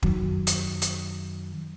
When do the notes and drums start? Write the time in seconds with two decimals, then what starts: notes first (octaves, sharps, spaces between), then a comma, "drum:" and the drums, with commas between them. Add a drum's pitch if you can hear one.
0.03 F#2 D#3 F#3, drum: kick
0.47 drum: hi-hat
0.82 drum: hi-hat